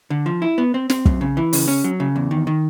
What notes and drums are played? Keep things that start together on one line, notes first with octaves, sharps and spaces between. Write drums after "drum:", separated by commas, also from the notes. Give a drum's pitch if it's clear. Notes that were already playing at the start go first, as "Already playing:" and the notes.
D3
F3
E4
B3
C4
C4, drum: snare
F#2, drum: kick
C#3
E3
C#3, drum: open hi-hat
C#4
F#3
C#3
E2
D#3
D#3